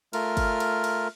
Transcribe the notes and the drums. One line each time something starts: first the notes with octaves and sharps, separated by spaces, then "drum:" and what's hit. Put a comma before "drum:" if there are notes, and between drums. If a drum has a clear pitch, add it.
A3 F4 A#4 F6, drum: cymbal
drum: kick G1, cymbal
drum: cymbal
drum: cymbal